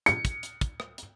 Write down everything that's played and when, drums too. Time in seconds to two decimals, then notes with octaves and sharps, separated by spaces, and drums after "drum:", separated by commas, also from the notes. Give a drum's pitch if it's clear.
0.06 C#7, drum: hi-hat
0.25 drum: kick, hi-hat
0.43 drum: hi-hat
0.61 drum: kick, hi-hat
0.80 drum: rim click
0.98 drum: hi-hat